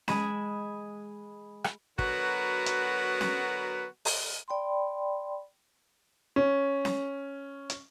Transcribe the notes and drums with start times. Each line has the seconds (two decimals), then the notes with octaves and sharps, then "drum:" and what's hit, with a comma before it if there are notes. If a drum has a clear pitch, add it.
0.08 G#3 G#5 B5 E7, drum: snare C#4
1.64 drum: rim click
1.99 D3 F#3 B3 F#4 A#4 B4, drum: kick
2.66 drum: hi-hat
3.21 drum: snare C#4
4.05 drum: open hi-hat
4.48 D5 G5 B5 C6
6.36 C#4
6.85 drum: snare C#4
7.70 drum: hi-hat